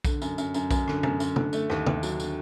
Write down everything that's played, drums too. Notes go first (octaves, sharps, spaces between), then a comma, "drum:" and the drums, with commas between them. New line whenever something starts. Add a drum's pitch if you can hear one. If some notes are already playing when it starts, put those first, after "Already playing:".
D3, drum: kick B1, tambourine
F#2, drum: tambourine
F#2, drum: tambourine
F#2, drum: tambourine
F#2, drum: kick B1, tambourine
D3, drum: rim click
F#2, drum: tom C3
F#2, drum: tambourine
D3, drum: tom
A3, drum: tambourine
D#2, drum: rim click
D#2, drum: tom
F#3, drum: tambourine
D3, drum: tambourine